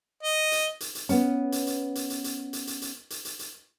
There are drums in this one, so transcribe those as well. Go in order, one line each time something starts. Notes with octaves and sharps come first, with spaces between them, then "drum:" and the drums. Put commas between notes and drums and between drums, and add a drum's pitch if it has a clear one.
D#5
drum: hi-hat
drum: hi-hat
drum: hi-hat
B3 C#4, drum: hi-hat
drum: hi-hat
drum: hi-hat
drum: hi-hat
drum: hi-hat
drum: hi-hat
drum: hi-hat
drum: hi-hat
drum: hi-hat
drum: hi-hat
drum: hi-hat
drum: hi-hat